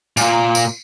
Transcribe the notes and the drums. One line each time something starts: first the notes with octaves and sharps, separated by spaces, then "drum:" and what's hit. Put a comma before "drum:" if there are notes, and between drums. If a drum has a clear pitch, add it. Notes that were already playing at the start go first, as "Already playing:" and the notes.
A#2 F4, drum: tambourine
drum: tambourine